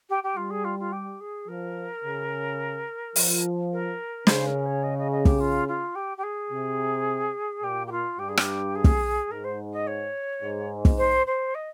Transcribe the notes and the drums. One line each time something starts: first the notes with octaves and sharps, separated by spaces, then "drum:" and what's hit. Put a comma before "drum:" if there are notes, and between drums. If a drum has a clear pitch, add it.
G4
G4
G3 F4
G#4
F4
F4
G4
G#4
F3 A#4
C#3
F3, drum: open hi-hat
A#4
C#3 C5, drum: snare
A#4
C#5
D#5
D#5
D#5
G4, drum: kick
F4
F4
G4
G4
G#4
C3
A#2 G4
G4
F4
G2 G4
G#4
G4, drum: rim click
G#4
drum: kick
G#2 A#4
C5
D#5
C#5
G#2
drum: kick
C5
C5
D#5